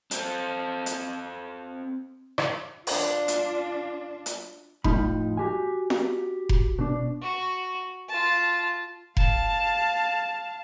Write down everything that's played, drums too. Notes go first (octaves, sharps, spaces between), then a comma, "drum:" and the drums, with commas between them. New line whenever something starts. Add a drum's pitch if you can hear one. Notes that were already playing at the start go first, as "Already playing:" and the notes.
C4 A4, drum: hi-hat
drum: hi-hat
drum: rim click
D4 F4, drum: open hi-hat
drum: hi-hat
drum: hi-hat
F2 A2 F3 D#4 B5, drum: kick F1
F#4 G4 G#5
drum: snare
drum: kick F1
B2 D4
F#4
F4 A5
F5 A5, drum: kick F1